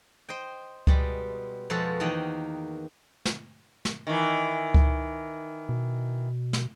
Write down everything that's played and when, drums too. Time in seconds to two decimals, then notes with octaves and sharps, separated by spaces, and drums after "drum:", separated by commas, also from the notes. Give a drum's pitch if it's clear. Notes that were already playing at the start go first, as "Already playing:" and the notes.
0.29 C5 D#5 G5
0.87 B2 G3 G#3, drum: kick C#2
1.70 F2 B2 F3 G#3 F#4 A4
2.00 E2 D#3 A#3 F#4 D#5 G5
3.25 drum: snare
3.85 drum: snare
4.07 D#3 E3
4.74 drum: kick C#2
5.69 B2
6.53 drum: snare